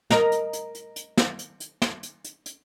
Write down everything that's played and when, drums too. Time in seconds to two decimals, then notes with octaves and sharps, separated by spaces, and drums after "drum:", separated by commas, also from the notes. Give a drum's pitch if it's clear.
0.10 A#4 D#5, drum: snare
0.32 drum: hi-hat
0.53 drum: hi-hat
0.75 drum: hi-hat
0.96 drum: hi-hat
1.17 drum: snare
1.39 drum: hi-hat
1.60 drum: hi-hat
1.82 drum: snare
2.03 drum: hi-hat
2.24 drum: hi-hat
2.46 drum: hi-hat